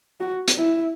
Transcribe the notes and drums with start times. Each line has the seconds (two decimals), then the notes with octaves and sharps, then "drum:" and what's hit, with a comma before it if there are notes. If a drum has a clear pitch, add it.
0.20 F#4
0.48 drum: hi-hat
0.58 E4